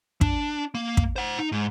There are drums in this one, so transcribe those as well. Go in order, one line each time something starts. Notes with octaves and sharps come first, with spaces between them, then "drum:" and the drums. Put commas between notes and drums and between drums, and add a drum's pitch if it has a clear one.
D4, drum: kick
A#3
drum: kick
C5 F#5
D#4
G#2